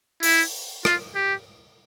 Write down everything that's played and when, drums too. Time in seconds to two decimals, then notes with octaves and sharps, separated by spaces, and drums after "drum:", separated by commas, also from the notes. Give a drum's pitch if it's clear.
0.23 E4, drum: open hi-hat
0.85 F4, drum: rim click
1.15 G4